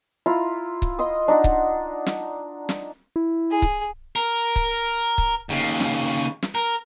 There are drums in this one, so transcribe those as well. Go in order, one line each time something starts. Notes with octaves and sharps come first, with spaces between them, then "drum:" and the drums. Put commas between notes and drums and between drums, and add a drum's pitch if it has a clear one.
E4 F4 A#5
drum: kick C#1
D#5 C6 D#6
D4 D#4 F#5
drum: kick C#1
drum: snare
drum: snare
E4
G#4
drum: kick C#1
A#4
drum: kick C#1
drum: kick C#1
D#2 C#3
drum: snare
drum: snare
A#4